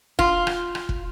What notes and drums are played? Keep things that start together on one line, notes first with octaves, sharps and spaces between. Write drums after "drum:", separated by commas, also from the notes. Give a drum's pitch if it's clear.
F4, drum: kick
drum: rim click
drum: rim click
drum: kick